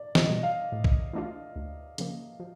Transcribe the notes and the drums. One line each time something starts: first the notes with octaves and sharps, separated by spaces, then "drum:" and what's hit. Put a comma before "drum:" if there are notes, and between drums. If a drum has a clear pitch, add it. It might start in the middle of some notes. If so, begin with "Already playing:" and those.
Already playing: D5
D#5, drum: snare
B2 G3
F5
A2
drum: kick B1
E3 A3 D4 F4
D2
C#3 F3 A#3, drum: hi-hat
F3